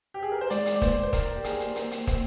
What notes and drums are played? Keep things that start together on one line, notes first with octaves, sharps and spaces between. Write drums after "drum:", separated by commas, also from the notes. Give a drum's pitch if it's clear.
G4
G#4
A#4
C5
G#3 D5, drum: hi-hat
drum: hi-hat
D5
A#3 C5, drum: kick, hi-hat
C5
A#4, drum: kick, hi-hat
G4
G#4, drum: hi-hat
drum: hi-hat
C4, drum: hi-hat
drum: hi-hat
C4, drum: kick, hi-hat